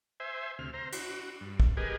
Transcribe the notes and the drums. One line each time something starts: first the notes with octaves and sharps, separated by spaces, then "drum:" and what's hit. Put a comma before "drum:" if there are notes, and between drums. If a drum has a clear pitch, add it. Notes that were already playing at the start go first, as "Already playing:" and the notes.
C5 E5 G#5
D2 C3 F6
C5 A#5
F#4, drum: cymbal
G2
drum: kick
G4 G#4 A#4 B4 D#5 G#5